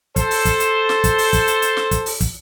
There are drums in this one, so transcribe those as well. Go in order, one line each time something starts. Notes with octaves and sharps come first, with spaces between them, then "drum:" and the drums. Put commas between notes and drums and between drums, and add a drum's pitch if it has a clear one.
A4 C5, drum: kick, hi-hat
drum: open hi-hat
drum: kick, hi-hat
drum: hi-hat
drum: snare
drum: kick, hi-hat
drum: open hi-hat
drum: kick, hi-hat
drum: hi-hat
drum: hi-hat
drum: snare
drum: kick, hi-hat
drum: open hi-hat
drum: kick, hi-hat